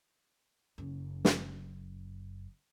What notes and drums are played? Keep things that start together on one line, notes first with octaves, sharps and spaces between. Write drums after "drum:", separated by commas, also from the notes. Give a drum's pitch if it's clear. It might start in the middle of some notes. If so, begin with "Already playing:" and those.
F#1 F#2
drum: snare